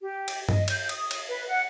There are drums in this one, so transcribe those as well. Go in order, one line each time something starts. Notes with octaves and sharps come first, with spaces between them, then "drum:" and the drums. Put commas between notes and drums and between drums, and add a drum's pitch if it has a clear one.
G4
drum: cymbal
D#5, drum: tom G2
G6, drum: cymbal
D#6, drum: cymbal
drum: cymbal
B4
F#5